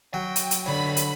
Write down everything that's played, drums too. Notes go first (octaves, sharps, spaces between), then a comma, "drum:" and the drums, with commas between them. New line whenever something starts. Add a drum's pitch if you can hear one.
F#3 G5
drum: hi-hat
drum: hi-hat
D3 D#4 C#5 B5
drum: hi-hat